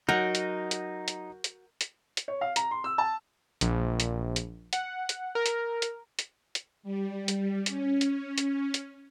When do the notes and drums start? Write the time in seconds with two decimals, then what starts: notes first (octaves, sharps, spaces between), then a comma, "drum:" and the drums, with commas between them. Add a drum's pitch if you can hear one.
0.09 F#3 D#4 F#4 A#4 G6
0.35 drum: hi-hat
0.71 drum: hi-hat
1.08 drum: hi-hat
1.44 drum: hi-hat
1.81 drum: hi-hat
2.17 drum: hi-hat
2.28 C#5
2.41 F5
2.56 A#5, drum: hi-hat
2.71 C6
2.84 E6
2.98 A5
3.61 A#1, drum: hi-hat
4.00 drum: hi-hat
4.36 drum: hi-hat
4.73 F#5, drum: hi-hat
5.09 drum: hi-hat
5.35 A#4
5.46 drum: hi-hat
5.82 drum: hi-hat
6.19 drum: hi-hat
6.55 drum: hi-hat
6.83 G3
7.28 drum: hi-hat
7.66 C#4, drum: hi-hat
8.01 drum: hi-hat
8.38 drum: hi-hat
8.74 drum: hi-hat